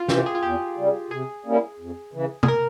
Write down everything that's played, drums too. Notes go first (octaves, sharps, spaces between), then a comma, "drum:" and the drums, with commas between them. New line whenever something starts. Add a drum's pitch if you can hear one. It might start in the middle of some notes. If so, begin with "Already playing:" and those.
Already playing: F4
C3 E3 G4, drum: snare
G#4
F4
E2 G4
C#3 G3
C3 G#4
G3 A#3 C#4 E4
F2
C#3 E3
G#4, drum: tom
A#4